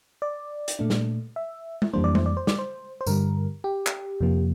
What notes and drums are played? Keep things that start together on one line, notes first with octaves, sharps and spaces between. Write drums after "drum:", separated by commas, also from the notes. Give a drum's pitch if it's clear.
D5
drum: hi-hat
A#2 A3 D4
drum: snare
E5
drum: tom G#3
F2 E3 G3 A#3 D4 C5
D5
C5, drum: tom G#3
D5
C5
D5, drum: snare
C5
C5
G2 D3 G3 A#4, drum: tambourine
G4
drum: clap
F2 C3 F3 A#3